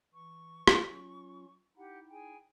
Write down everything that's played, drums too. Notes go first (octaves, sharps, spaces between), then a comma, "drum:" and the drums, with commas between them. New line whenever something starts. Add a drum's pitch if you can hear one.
E3 C#6
drum: rim click
F#3 C#4 F4
D#4 E4 G4 F#5
G#4 G5 G#5